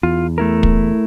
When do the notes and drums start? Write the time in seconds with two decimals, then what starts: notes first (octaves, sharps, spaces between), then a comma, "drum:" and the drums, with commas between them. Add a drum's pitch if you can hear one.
0.03 E2 F4
0.38 A3 E4 A#4
0.63 drum: kick